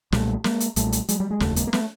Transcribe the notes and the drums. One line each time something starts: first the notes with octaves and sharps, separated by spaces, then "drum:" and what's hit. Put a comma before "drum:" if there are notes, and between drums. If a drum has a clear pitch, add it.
B1 A#2 G3 A3, drum: snare
G#3 A#3, drum: snare
drum: hi-hat
B1 A#2 G3 A3, drum: hi-hat
drum: hi-hat
F#3 G#3, drum: hi-hat
G3
G#3
F1 D#2 C#3 A3, drum: snare
G#3 A#3, drum: hi-hat
A#3
A3 B3, drum: snare